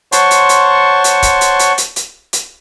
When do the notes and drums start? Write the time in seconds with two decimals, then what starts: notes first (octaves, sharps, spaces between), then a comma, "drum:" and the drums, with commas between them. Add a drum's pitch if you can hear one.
0.12 C5 C#5 F#5 A5 C6 C#6, drum: hi-hat
0.31 drum: hi-hat
0.49 drum: hi-hat
1.04 drum: hi-hat
1.23 drum: kick C#1, hi-hat
1.41 drum: hi-hat
1.59 drum: hi-hat
1.78 drum: hi-hat
1.96 drum: hi-hat
2.33 drum: hi-hat